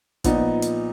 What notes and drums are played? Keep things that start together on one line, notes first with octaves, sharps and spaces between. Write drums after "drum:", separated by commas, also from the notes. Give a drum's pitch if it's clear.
A#2 F3 B3 D#4, drum: kick, hi-hat
drum: hi-hat